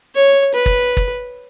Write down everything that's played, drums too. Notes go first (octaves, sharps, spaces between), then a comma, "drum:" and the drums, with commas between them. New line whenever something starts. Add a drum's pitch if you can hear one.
C#5
B4
drum: kick
drum: kick